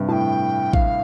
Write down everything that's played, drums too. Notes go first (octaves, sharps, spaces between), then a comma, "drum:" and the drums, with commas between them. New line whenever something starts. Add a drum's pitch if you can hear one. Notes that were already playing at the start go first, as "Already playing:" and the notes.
Already playing: G2 C3
A2 G5 A5
F5, drum: kick